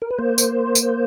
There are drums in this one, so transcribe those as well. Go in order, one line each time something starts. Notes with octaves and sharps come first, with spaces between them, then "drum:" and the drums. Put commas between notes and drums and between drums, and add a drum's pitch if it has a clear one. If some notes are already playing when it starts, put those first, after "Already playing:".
A#4
B4
A#3 C5
drum: tambourine
drum: tambourine